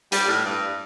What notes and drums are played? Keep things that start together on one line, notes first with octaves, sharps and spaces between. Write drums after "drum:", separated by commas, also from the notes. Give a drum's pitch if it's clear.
G3, drum: hi-hat
A2
G2